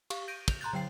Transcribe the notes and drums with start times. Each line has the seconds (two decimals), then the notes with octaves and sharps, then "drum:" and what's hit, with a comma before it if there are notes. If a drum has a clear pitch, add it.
0.10 G4 F5 C#6, drum: cymbal
0.28 G6 A#6 D7 D#7
0.48 G6 F7, drum: kick, cymbal
0.61 A#5 C6 F#6 G6 A6
0.73 D3 F#3 G5 C7